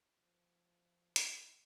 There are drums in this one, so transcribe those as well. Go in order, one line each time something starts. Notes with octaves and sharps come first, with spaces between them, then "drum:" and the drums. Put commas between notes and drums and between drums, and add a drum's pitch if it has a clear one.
F3
drum: hi-hat